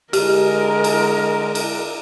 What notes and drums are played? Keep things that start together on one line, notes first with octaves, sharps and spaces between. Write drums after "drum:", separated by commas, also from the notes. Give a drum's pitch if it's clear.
D3 G#3 G4 A#4, drum: cymbal
drum: cymbal
drum: cymbal